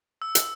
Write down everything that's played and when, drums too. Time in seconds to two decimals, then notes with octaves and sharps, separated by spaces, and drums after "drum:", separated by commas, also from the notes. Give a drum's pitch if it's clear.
0.22 E6
0.35 drum: hi-hat